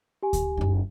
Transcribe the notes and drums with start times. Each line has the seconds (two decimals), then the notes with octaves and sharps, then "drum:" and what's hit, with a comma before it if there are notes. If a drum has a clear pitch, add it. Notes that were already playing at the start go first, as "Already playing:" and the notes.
0.23 G4 G#5
0.33 drum: kick D2, hi-hat
0.57 F#1 D#4